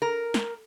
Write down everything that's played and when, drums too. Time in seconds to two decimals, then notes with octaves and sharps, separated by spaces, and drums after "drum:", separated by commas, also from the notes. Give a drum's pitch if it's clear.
0.02 A#4
0.34 drum: snare